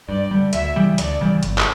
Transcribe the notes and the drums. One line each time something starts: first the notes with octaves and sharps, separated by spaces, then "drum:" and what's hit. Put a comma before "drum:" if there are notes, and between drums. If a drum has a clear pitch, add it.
G2 D5
D3 G3
D2 E5, drum: hi-hat
C#3 E3 G3
D2 D5, drum: hi-hat
C#3 E3 G3
G1, drum: hi-hat
drum: clap